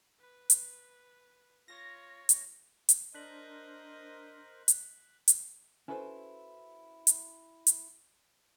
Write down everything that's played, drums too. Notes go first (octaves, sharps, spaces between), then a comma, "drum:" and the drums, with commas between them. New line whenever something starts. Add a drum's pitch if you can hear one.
B4
drum: hi-hat
F4 C#5 A#6
drum: hi-hat
drum: hi-hat
D4 A#4 C5 D#5 F#6 B6 F#7
drum: hi-hat
drum: hi-hat
C#4 E4 F#4 A4 B4 C5
drum: hi-hat
drum: hi-hat